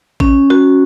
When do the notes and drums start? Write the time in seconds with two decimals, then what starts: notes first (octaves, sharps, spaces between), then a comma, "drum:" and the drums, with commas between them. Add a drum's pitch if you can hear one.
0.20 C#4, drum: kick A1
0.50 F#4, drum: rim click